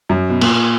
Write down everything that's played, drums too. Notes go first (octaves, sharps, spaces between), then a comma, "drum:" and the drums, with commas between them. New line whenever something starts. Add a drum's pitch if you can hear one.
F#2
B2
A#2, drum: cymbal